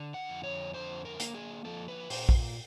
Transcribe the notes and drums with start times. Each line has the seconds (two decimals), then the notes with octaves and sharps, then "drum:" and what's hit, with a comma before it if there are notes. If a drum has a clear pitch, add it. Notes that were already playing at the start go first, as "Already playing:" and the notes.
Already playing: D3
0.14 F#5
0.29 F2
0.43 C#5
0.74 D3 C5
1.05 A#4
1.20 A#3, drum: hi-hat
1.34 G#4
1.65 F3 A4
1.88 B4
2.10 A#2 C5, drum: open hi-hat
2.29 drum: kick A#1